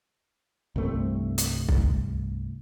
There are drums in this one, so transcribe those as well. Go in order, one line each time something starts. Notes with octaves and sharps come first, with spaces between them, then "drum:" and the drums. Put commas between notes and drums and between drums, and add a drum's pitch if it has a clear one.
C2 G2 A3 C4
drum: hi-hat
drum: kick B1